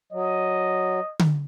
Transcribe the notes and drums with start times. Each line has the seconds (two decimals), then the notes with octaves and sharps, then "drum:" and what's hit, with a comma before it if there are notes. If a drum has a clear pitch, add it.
0.12 F#3 D#5
1.19 drum: tom D3